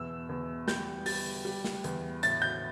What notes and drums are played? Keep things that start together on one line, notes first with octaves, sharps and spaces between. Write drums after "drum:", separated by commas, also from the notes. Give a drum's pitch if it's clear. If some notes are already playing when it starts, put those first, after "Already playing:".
Already playing: E2 B2 E6
E2
G3 G6, drum: snare
G3 A6, drum: open hi-hat
G3
drum: snare
E2, drum: hi-hat
A2 A6, drum: hi-hat
G6